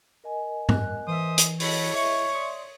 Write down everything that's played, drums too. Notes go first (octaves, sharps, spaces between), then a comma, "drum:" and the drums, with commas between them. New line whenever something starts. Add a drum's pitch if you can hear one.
A#4 D#5 G#5
F#6, drum: tom G#2
E3 C5 E5 D#6
drum: hi-hat
E4 F#4 G#4 A4 C#5 D#5 B5, drum: open hi-hat
E5 C#6
D5 C6 D#6